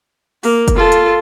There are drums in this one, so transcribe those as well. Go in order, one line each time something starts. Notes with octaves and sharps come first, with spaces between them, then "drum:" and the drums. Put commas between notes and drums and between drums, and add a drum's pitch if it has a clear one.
A#3, drum: open hi-hat
drum: kick, hi-hat
F4 A4
drum: hi-hat